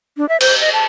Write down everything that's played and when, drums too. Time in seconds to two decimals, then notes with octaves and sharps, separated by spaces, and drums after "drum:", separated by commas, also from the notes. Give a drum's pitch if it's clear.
0.17 D4
0.29 E5
0.40 C5, drum: cymbal
0.61 D#5
0.73 A5